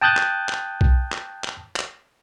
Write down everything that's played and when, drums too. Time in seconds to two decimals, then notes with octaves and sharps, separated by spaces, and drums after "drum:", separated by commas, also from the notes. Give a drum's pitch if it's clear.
0.02 G5 A5 D#6 F#6 G6 A6
0.17 drum: clap
0.49 drum: clap
0.81 drum: kick B1
1.13 drum: clap
1.44 drum: clap
1.76 drum: clap